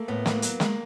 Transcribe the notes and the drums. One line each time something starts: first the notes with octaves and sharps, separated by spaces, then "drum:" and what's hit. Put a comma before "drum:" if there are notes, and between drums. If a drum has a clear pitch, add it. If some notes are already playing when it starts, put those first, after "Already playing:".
Already playing: A3 A#3
A2 B3
F#3 A#3, drum: snare
F#3 B3, drum: hi-hat
G#3 A#3, drum: snare